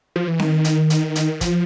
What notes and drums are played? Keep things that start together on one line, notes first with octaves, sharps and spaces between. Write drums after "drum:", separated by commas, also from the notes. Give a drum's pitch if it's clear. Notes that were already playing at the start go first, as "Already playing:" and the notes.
F3
E3
D#3, drum: snare C4
drum: hi-hat
drum: hi-hat
drum: hi-hat
F3, drum: kick, hi-hat